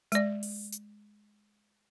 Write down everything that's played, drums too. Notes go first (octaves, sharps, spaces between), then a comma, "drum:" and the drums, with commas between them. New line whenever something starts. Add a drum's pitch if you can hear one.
G#3 D5, drum: hi-hat
drum: open hi-hat
drum: hi-hat